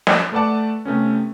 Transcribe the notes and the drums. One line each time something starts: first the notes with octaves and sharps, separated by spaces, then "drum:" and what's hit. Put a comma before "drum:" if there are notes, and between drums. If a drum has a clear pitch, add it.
B4, drum: snare
A3 A4 B4 D5 F#5 A5
C3 A3 B3 C#4